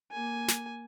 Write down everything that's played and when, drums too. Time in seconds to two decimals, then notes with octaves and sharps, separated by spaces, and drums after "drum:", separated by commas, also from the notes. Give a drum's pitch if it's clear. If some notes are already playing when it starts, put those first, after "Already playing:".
0.12 A#3 G#5
0.48 drum: snare